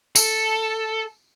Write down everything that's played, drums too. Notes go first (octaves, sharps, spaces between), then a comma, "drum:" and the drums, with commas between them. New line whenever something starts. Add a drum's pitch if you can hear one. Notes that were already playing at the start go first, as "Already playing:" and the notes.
A4, drum: tambourine